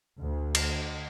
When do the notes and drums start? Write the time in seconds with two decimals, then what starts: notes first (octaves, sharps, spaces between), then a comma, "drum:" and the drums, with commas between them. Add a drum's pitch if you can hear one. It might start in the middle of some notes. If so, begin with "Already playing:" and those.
0.19 D2
0.55 drum: cymbal